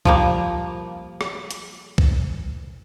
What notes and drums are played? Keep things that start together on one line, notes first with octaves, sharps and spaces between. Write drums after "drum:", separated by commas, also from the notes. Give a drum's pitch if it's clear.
F3 G3 A#3, drum: kick
drum: rim click
drum: hi-hat
drum: kick